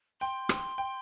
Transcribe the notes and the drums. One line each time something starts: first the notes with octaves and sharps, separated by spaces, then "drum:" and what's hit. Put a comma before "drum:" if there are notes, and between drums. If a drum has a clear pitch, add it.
G5 C6
drum: rim click
G5